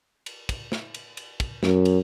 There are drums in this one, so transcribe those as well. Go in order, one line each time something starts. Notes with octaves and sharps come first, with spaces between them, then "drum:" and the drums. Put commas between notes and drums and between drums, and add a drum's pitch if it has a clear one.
drum: cymbal
drum: kick, cymbal
drum: snare
drum: cymbal
drum: cymbal
drum: kick, cymbal
F#2, drum: snare
drum: cymbal